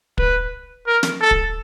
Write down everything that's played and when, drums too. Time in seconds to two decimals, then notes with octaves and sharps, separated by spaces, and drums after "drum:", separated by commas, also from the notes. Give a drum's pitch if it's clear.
0.18 B4, drum: kick
0.87 A#4
1.03 drum: snare
1.21 A4
1.31 drum: kick